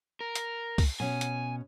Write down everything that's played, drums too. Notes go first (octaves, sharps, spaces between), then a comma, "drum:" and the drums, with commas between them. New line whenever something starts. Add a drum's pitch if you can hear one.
A#4
drum: hi-hat
drum: kick C2, open hi-hat
B2 C#4 G#5
drum: hi-hat